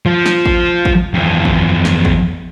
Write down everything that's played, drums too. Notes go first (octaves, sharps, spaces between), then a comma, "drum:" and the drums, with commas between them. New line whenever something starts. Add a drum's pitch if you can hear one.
F3
drum: snare
drum: kick A1
drum: kick A1
F2 E3
drum: kick A1
drum: snare
drum: kick A1